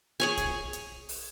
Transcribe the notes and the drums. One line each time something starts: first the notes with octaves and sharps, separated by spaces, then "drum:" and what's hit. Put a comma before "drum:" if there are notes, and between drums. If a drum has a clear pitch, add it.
G#4 C#5 G#5
drum: kick, hi-hat
drum: hi-hat
drum: open hi-hat